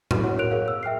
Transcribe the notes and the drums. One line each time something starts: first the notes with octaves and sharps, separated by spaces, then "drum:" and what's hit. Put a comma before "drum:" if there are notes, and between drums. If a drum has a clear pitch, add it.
E4 F#4, drum: tom A2
F#4 C#5 F#5
A#4 C#5 F#6 D7 F7
G#4 A#4 C#5 F5
E6
E5 G5 F6 C7